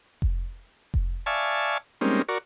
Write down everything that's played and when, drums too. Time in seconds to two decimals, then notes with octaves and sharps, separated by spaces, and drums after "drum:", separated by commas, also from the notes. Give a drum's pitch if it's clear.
0.22 drum: kick F1
0.94 drum: kick F1
1.26 D5 E5 F5 G#5 A5 C#6
2.01 G3 G#3 A#3 C4 C#4 D#4
2.28 F#4 A#4 D5 C#6